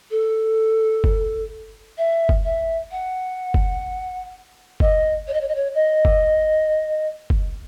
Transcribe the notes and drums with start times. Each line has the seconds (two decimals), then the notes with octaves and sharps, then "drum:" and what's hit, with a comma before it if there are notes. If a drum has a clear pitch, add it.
0.10 A4
1.04 drum: kick F#1
1.98 E5
2.29 drum: kick F#1
2.44 E5
2.91 F#5
3.54 drum: kick F#1
4.80 D#5, drum: kick F#1
5.27 C#5
5.33 D#5
5.40 C#5
5.48 D#5
5.55 C#5
5.74 D#5
6.05 drum: kick F#1
7.30 drum: kick F#1